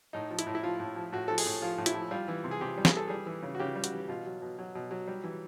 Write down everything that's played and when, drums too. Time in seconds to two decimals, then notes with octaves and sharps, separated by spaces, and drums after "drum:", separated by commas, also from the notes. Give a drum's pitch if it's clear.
0.13 A2 D#4
0.31 F3
0.39 E4, drum: hi-hat
0.47 A2
0.55 E4
0.63 F3 F4
0.80 A2
0.96 F3
1.12 A2 F#4
1.28 F3 A4
1.38 G#4, drum: open hi-hat
1.46 A2
1.62 F3 F4
1.78 A2
1.86 E4, drum: hi-hat
1.95 F3
2.11 G3 F4
2.28 E3
2.44 C3
2.51 G#4
2.61 C3 G4
2.77 G3
2.85 G#4, drum: snare
2.93 E3 A4
3.08 G3 G#4
3.26 E3
3.42 C#3
3.55 F#4
3.60 C#3 G4
3.75 G3
3.84 F#4, drum: hi-hat
3.93 E3
4.08 B2 F4
4.26 F#3
4.42 B2
4.59 F#3
4.75 B2
4.91 F#3
5.07 G3
5.24 E3